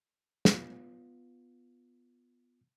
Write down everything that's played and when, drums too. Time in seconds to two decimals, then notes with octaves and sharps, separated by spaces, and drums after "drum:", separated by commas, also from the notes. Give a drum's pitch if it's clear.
0.45 B3 F4, drum: snare